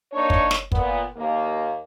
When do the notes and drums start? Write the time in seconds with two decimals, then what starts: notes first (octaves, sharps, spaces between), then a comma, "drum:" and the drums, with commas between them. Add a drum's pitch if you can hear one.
0.13 A#3 D4 D#4 C#5
0.30 drum: kick
0.51 drum: snare
0.72 A#2 B3, drum: kick
1.17 D#2 A#3